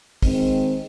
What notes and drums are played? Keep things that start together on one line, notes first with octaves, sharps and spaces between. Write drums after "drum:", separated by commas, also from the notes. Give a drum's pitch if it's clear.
D#3 G#3 C4, drum: kick, open hi-hat